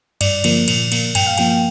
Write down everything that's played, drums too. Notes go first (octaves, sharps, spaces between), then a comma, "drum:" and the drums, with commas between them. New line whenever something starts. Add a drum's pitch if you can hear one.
G2 D5, drum: cymbal
D3 F3 A#3, drum: cymbal
A#2, drum: cymbal
A#3, drum: cymbal
G2 G5, drum: cymbal
F5
F3 A#3 G5, drum: cymbal